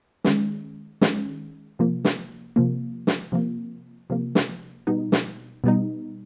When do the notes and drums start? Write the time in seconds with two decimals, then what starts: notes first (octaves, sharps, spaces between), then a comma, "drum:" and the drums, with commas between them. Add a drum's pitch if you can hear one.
0.24 D#3 G#3 C#4, drum: snare
1.01 D#3 G#3 C#4, drum: snare
1.79 C3 F3 A#3
2.05 drum: snare
2.56 C3 F3 A#3
3.07 drum: snare
3.32 C3 F3 A#3
4.10 C3 F3 A#3
4.35 drum: snare
4.87 B2 G3 B3 D#4
5.12 drum: snare
5.64 B2 G3 B3 D#4